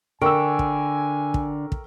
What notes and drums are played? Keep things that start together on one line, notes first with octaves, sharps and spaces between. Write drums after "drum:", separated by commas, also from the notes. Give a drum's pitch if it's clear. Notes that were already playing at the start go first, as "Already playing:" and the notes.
D3 A#4 G5 G#5 C#6 E6 D7
drum: kick
drum: kick
drum: kick